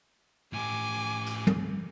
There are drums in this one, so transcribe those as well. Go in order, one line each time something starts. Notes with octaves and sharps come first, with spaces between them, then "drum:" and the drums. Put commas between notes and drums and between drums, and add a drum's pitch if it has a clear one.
A2 G4 G#5 D6
drum: cymbal
drum: tom